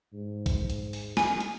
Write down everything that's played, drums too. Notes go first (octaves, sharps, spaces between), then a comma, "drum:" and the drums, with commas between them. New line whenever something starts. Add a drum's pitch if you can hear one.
G#2
drum: kick, hi-hat
drum: hi-hat
drum: open hi-hat
G#5, drum: snare
drum: hi-hat